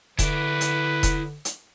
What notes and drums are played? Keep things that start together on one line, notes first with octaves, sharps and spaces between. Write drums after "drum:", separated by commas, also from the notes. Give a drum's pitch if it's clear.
D3 E4 B4 D5, drum: kick E1, hi-hat
drum: hi-hat
drum: kick E1, hi-hat
drum: hi-hat